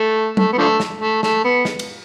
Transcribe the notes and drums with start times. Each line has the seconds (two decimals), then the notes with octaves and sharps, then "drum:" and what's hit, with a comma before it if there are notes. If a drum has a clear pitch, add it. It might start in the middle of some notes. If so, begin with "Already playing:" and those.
Already playing: A3
0.37 A3, drum: tom F#3
0.53 B3
0.58 D3 F3 A3
0.80 drum: snare
1.00 A3
1.23 A3, drum: snare
1.44 B3
1.65 drum: snare
1.79 drum: cymbal